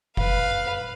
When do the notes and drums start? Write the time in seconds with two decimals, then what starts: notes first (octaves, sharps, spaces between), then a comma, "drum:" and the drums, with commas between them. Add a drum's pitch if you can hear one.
0.17 B4 F5, drum: kick F#1